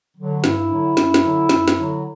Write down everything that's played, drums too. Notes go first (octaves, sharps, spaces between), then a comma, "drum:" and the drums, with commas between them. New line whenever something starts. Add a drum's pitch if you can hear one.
D3 F#3
G2 E4, drum: snare
D3 F#3
F#2, drum: snare
drum: snare
D3 F#3
F#2, drum: snare
drum: snare
D3 F#3